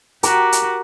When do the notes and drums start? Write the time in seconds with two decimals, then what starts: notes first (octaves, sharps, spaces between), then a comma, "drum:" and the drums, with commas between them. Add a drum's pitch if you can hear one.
0.23 F#4 G4 A#4 A#5 D6, drum: hi-hat
0.52 drum: hi-hat